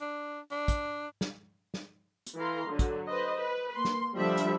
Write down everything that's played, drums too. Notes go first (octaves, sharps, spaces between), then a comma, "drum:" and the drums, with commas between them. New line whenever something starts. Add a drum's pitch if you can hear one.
D4
D4
drum: kick, hi-hat
drum: snare
drum: snare
drum: hi-hat
E3 A4 F5 A#5 C6
D3 F#3
drum: kick, hi-hat
B4 C5 D#5
B4
A#3 C6
drum: snare
D3 F3 G3 D4 E5 B5
drum: hi-hat